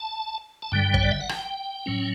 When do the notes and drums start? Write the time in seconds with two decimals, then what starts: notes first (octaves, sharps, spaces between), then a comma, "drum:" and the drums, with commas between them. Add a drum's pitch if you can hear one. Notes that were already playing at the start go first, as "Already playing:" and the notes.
Already playing: A5
0.62 A5
0.72 G2 D3 G3 G5
0.94 C#5, drum: kick
1.03 D5
1.11 E5
1.21 F#5
1.29 G5, drum: rim click
1.86 A2 F#3 C#4